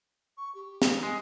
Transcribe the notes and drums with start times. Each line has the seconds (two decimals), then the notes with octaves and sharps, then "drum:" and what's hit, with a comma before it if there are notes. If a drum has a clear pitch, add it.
0.37 C#6
0.55 G4
0.82 drum: snare
1.03 G#3